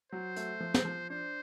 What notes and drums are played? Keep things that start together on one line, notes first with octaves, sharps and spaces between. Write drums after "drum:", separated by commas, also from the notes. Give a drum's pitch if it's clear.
F#3 C5
A3, drum: hi-hat
F3
drum: snare
F3
D4 C5